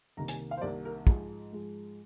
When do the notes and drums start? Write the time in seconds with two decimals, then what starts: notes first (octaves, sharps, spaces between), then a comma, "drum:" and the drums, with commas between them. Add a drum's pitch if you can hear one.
0.17 C2 C3 D#3 A#3 A#5
0.28 G#5, drum: hi-hat
0.51 F5
0.57 C5
0.61 C2 C3 D#3 A#3 D5
0.85 A#4
1.07 G#2 F3 G#3 G#4, drum: kick
1.52 G#2 F3 G#3